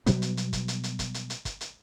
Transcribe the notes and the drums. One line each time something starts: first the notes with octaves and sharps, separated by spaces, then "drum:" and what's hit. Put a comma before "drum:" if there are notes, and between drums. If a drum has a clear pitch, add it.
B2 F#3 G3 B3, drum: kick, hi-hat
drum: hi-hat
drum: hi-hat
drum: kick, hi-hat
drum: hi-hat
drum: hi-hat
drum: kick, hi-hat
drum: hi-hat
drum: hi-hat
drum: kick, hi-hat
drum: hi-hat